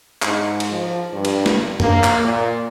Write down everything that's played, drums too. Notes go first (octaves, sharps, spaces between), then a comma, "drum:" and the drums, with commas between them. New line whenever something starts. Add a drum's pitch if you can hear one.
G#2, drum: clap
drum: cymbal
F3
G2
drum: cymbal
drum: snare
A#3, drum: tom F#2
drum: clap
A#2